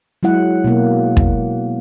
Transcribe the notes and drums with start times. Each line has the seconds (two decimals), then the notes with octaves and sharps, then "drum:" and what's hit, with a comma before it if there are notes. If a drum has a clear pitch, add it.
0.23 F#3 G#3 E4 F#5
0.64 B2 A#3
1.17 drum: kick